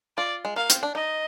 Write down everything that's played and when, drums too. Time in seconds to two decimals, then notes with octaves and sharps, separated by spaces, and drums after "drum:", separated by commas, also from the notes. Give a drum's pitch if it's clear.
0.17 F4 D5
0.45 G#3
0.56 A#3 F5
0.70 C4, drum: hi-hat
0.83 D4
0.95 D#4 D#5